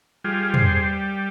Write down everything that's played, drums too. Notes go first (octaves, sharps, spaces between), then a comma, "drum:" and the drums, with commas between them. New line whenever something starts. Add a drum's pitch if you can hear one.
G3 F4 G#4
G#4 C5, drum: tom